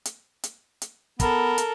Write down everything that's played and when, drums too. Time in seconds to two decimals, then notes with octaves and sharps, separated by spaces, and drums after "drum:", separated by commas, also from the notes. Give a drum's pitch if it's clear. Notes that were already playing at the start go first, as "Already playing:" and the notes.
0.05 drum: hi-hat
0.44 drum: hi-hat
0.82 drum: hi-hat
1.20 B3 A4 A#4, drum: kick, hi-hat
1.58 drum: hi-hat